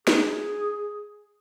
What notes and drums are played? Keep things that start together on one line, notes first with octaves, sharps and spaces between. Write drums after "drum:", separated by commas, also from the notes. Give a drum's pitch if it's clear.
G#4, drum: snare